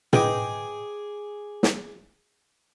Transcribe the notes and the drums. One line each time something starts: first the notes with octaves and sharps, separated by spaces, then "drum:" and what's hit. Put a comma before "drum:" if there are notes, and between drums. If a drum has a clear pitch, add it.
G#4 B4 D#5 G5 D6, drum: tom
drum: snare